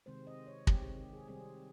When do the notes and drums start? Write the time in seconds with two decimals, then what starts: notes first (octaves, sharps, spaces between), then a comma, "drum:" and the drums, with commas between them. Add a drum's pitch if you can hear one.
0.06 C3 D#3 G#3 C4 C5
0.27 D#5
0.47 C#5
0.67 C3 D#3 G#3 C4 G4, drum: kick
0.83 G4
0.97 G4
1.13 G#4
1.28 C3 D#3 G3 C4 G#4